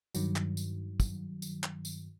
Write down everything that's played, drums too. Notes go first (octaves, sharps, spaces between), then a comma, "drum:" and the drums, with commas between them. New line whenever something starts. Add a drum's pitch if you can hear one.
G2 D#3 F#3, drum: tambourine
drum: clap
drum: tambourine
drum: kick, tambourine
drum: tambourine
drum: clap
drum: tambourine